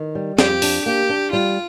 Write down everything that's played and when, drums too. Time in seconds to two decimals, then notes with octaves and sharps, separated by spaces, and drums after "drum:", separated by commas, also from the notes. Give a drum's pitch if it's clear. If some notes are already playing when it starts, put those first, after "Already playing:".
Already playing: D#3
0.15 G3
0.39 F2 G4, drum: snare
0.62 D4, drum: open hi-hat
0.86 A#3 G4
1.09 D4
1.33 G3 F4